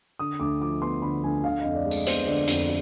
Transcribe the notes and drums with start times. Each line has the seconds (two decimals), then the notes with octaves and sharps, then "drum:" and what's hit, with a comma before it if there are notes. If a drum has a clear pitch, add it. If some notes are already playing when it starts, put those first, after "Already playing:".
0.19 D3 D#6
0.40 D2 D6
0.61 F3 D6
0.81 B3 C6
1.02 D3 B5
1.23 D2 G#5
1.44 D3 F5
1.59 D#5
1.65 F2
1.75 D5
1.86 G#3
1.91 D#5, drum: tambourine
2.07 B3 C5, drum: hi-hat
2.27 D3 D5
2.48 F2 D5, drum: hi-hat